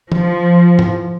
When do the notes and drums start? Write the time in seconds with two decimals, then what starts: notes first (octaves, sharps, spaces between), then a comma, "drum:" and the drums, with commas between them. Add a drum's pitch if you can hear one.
0.12 F3, drum: tom
0.79 drum: tom